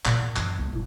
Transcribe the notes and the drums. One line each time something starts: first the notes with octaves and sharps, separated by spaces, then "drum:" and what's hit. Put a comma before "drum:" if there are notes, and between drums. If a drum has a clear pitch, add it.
A#2 C#3, drum: clap
E2
F#2 E3, drum: clap
C#2 B3
D#1 E4